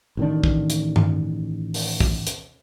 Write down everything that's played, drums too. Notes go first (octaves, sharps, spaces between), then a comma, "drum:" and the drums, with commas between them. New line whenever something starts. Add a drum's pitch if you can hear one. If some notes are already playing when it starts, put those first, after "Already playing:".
A1 D#3 D4
drum: kick
drum: hi-hat
drum: tom G2
drum: open hi-hat
drum: kick
drum: hi-hat